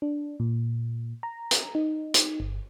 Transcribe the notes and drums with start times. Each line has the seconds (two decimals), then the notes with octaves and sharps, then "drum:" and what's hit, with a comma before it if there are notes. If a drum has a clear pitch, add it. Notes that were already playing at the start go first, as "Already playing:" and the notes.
0.02 D4
0.40 A#2
1.23 A#5
1.51 drum: hi-hat
1.75 D#4
2.14 drum: hi-hat
2.40 G1